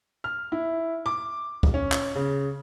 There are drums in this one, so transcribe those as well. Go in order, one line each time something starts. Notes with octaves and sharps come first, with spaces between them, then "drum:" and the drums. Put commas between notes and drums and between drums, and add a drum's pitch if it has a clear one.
F6
E4
D6
drum: kick
C#4
drum: clap
C#3